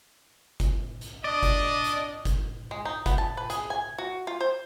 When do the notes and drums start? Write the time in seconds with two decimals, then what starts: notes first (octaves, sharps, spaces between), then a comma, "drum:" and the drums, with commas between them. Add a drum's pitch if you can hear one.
0.60 drum: kick G1, hi-hat
1.01 drum: hi-hat
1.24 D4 D5 D#5
1.43 drum: kick G1, hi-hat
1.84 drum: hi-hat
2.25 drum: kick G1, hi-hat
2.71 G#3
2.85 D#4
3.06 B3, drum: kick G1, hi-hat
3.18 A5
3.37 B4
3.50 G#4, drum: hi-hat
3.70 G#5
3.98 F#4
4.27 F4
4.41 C5